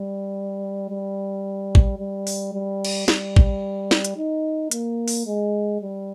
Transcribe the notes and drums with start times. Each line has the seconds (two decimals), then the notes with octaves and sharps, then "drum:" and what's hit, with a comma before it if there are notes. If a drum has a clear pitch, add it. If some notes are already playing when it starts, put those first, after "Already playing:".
Already playing: G3
0.90 G3
1.75 drum: kick
1.99 G3
2.27 drum: open hi-hat
2.53 G3
2.85 drum: cymbal
3.08 G3, drum: snare
3.36 drum: kick
3.91 drum: snare
4.05 drum: hi-hat
4.17 D#4
4.71 A#3, drum: hi-hat
5.08 drum: open hi-hat
5.26 G#3
5.82 G3